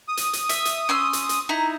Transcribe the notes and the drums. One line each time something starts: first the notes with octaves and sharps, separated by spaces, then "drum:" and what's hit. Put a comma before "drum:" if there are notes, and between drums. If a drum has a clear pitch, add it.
D#6
drum: hi-hat
drum: hi-hat
E5, drum: hi-hat
drum: hi-hat
C#4 C6 E6
drum: hi-hat
drum: hi-hat
D#4 E4 A#5